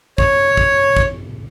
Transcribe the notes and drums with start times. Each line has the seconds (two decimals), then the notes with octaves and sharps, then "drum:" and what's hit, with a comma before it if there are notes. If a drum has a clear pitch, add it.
0.18 C#5, drum: kick
0.57 drum: kick
0.97 drum: kick